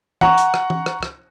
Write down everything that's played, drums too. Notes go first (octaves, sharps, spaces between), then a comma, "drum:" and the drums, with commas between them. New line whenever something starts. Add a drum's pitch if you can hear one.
F#5 A#5 C#6, drum: tom E3
drum: hi-hat
drum: rim click
drum: tom E3
drum: rim click
drum: rim click